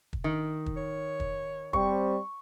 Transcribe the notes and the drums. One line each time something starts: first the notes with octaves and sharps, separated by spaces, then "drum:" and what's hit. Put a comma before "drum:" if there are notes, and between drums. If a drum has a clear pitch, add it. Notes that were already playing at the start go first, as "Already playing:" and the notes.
drum: kick
D#3
drum: kick
C#5
drum: kick
G3 C4 C#6, drum: kick